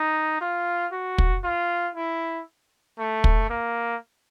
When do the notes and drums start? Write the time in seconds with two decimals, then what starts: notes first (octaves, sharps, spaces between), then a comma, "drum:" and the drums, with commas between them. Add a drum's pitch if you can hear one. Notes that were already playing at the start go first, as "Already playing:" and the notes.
Already playing: D#4
0.41 F4
0.92 F#4
1.18 drum: kick
1.44 F4
1.95 E4
2.99 A3
3.24 drum: kick
3.50 A#3